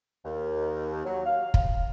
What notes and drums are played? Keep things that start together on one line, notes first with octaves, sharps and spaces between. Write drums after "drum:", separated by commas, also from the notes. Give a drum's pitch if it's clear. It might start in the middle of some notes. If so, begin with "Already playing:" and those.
D#2
F#3
F5
drum: kick